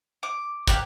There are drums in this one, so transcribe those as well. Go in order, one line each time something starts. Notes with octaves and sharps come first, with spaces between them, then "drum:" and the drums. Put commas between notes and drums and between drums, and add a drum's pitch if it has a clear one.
D6
A#3 G4 F#6, drum: kick, hi-hat